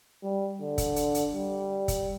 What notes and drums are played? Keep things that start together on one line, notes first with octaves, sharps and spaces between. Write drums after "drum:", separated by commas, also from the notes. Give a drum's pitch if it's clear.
G3
D3
drum: kick, hi-hat
drum: hi-hat
drum: hi-hat
G3
drum: kick, hi-hat